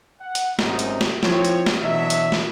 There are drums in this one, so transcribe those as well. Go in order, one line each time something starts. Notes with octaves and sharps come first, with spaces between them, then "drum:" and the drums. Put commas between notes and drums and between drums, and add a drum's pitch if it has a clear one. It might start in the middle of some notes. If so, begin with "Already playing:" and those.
F#5
drum: hi-hat
G#1 F#2 C3 D#4, drum: snare
drum: hi-hat
drum: snare
F3 C4 E4 C#5, drum: snare
drum: hi-hat
drum: snare
B2 E3 F#3 D4 D#5 E5
drum: hi-hat
drum: snare